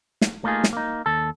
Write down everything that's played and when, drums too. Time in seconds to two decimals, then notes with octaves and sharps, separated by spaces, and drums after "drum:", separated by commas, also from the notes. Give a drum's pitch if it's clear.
0.21 drum: snare
0.44 A3 A#3 D#4 F4 G#4
0.64 drum: snare
0.73 A#3 D#4
1.06 D#2 A4